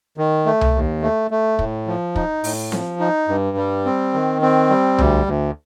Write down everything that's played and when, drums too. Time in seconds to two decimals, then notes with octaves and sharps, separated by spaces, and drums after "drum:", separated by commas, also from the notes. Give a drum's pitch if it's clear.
0.17 D#3
0.46 A3
0.61 drum: tom C2
0.74 D#2
1.02 A3
1.31 A3
1.59 A2, drum: kick
1.87 F3
2.16 D#4, drum: kick
2.44 A2, drum: open hi-hat
2.72 F3, drum: snare C4
3.00 D#4
3.28 G2
3.57 G3
3.85 C4
4.14 D#3
4.42 C4
4.70 G3
4.98 D2, drum: tom C2
5.26 D2